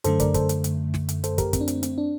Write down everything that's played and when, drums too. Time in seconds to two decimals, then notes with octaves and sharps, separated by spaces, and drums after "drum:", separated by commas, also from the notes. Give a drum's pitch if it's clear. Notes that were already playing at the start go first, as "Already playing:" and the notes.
0.04 F#2 D3 A3 A4 C5, drum: hi-hat
0.20 A#4 D5, drum: kick, hi-hat
0.34 A4 C5, drum: kick, hi-hat
0.49 drum: hi-hat
0.64 drum: hi-hat
0.94 drum: snare
1.09 drum: hi-hat
1.24 A4 C5, drum: hi-hat
1.38 G4 A#4, drum: kick, hi-hat
1.53 C4, drum: kick, hi-hat
1.61 D4
1.68 C4, drum: hi-hat
1.83 C4, drum: hi-hat
1.98 D4